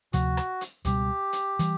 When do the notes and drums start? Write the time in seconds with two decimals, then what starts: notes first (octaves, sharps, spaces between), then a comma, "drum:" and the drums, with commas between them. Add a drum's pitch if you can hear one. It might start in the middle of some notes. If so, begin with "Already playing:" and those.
0.13 D2 C3 F3 F#4, drum: hi-hat
0.37 drum: rim click
0.61 drum: hi-hat
0.85 C#2 B2 G3 G4, drum: hi-hat
1.33 drum: hi-hat
1.59 E3 G3, drum: hi-hat